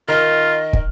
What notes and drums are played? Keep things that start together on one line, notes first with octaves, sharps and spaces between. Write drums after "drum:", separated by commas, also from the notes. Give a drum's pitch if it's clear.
D#3 F4 A#4 D#5 F6
drum: kick